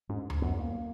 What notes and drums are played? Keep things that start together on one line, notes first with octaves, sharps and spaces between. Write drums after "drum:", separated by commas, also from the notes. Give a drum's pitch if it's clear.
G#2 C#4
drum: tom D2
F#2 B3
A#3